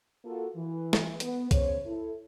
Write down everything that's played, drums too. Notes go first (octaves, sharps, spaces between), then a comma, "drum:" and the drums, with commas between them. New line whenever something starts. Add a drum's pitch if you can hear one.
A#3 F4 F#4 A4
E3
drum: snare
B3, drum: hi-hat
C#3 B3 C5 C#5, drum: kick C2, hi-hat
E4 A4